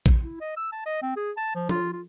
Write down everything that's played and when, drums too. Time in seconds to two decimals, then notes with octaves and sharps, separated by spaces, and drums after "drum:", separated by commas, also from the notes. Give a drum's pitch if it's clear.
0.06 drum: kick A#1
0.22 E4
0.40 D#5
0.57 E6
0.72 A5
0.86 D#5
1.02 C4
1.16 G#4
1.37 A5
1.55 F3
1.69 F4, drum: tom F3
1.93 F4